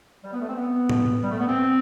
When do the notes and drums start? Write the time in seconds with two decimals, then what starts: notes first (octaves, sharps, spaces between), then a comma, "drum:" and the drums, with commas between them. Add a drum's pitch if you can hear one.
0.24 G3
0.33 B3
0.41 A3
0.49 C4
0.57 B3
0.89 drum: tom A2
1.23 G3
1.31 A3
1.40 B3
1.48 C4